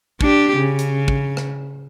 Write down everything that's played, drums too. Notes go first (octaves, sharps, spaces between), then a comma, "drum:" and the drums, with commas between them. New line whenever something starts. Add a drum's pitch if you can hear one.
D4 G4, drum: kick
C#3
drum: hi-hat
drum: kick
drum: rim click